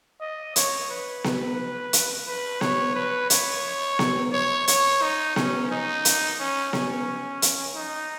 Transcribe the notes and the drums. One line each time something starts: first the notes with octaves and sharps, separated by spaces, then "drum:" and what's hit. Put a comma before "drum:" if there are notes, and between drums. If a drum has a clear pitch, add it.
D#5
C#5, drum: hi-hat
B4
drum: snare B3
drum: hi-hat
B4
C#5, drum: snare B3
B4
C#5, drum: hi-hat
drum: snare B3
C#5
C#5, drum: hi-hat
D#4
C#4, drum: snare B3
D#4
drum: hi-hat
C#4
C#4, drum: snare B3
drum: hi-hat
D#4